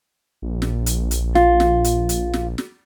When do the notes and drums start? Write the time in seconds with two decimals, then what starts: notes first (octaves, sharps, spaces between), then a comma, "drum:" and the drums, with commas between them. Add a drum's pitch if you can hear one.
0.42 A#1
0.62 drum: snare
0.86 drum: hi-hat
1.11 drum: hi-hat
1.35 F4, drum: snare
1.60 drum: snare
1.84 drum: hi-hat
2.09 drum: hi-hat
2.33 drum: snare
2.58 drum: snare